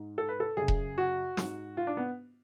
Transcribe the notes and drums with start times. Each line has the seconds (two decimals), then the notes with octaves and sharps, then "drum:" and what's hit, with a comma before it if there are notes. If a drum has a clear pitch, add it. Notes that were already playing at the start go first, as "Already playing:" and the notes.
Already playing: G#2
0.18 A4
0.29 B4
0.40 A4
0.57 F#2 C#3 G#4
0.68 drum: kick E1
0.98 F#4
1.37 G#2, drum: snare
1.77 F4
1.87 D4
1.97 B3